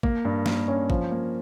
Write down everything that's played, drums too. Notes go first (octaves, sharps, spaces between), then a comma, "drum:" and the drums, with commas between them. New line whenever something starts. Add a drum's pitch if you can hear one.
A#3, drum: kick G#1
G2
A#3, drum: snare
C#4
F3, drum: kick G#1
A#3